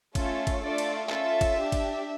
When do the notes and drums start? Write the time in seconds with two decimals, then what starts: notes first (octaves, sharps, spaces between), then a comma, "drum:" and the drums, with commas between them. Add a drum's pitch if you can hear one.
0.15 A3 C#4 F4 A4, drum: kick, cymbal
0.47 drum: kick, cymbal
0.62 A3 D4 F4 A4 D5
0.78 drum: cymbal
1.09 C#4 F4 A4 E5, drum: clap
1.41 drum: kick, cymbal
1.57 D4 G4
1.72 drum: kick, cymbal